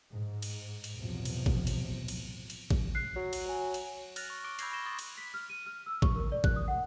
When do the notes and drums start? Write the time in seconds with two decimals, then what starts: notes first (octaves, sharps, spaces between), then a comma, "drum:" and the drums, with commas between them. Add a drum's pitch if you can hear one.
0.11 G#2
0.42 drum: cymbal
0.84 drum: cymbal
0.98 B1 E2 A2 C3 F3 F#3
1.25 drum: cymbal
1.46 drum: kick A1
1.67 drum: cymbal
2.08 drum: cymbal
2.50 drum: cymbal
2.71 drum: kick A1
2.95 F#6 C7
3.16 F#3
3.33 drum: cymbal
3.46 C#5 G#5
3.74 drum: cymbal
4.16 F6 F#6 A6 A#6 F7, drum: cymbal
4.30 C#6
4.44 D6 F#6 D7 G7
4.59 B5 E6 G6 G#6 A#6 C7, drum: cymbal
4.72 B5 C#6 A#6 E7 G7
4.86 C6 D#6 A6
4.99 drum: cymbal
5.18 B6
5.34 F6
5.49 D#7
5.66 F6
5.86 E6
6.02 C#6, drum: kick A1
6.16 A#4
6.32 D5
6.44 F#6, drum: kick A1
6.56 D#6
6.68 F#5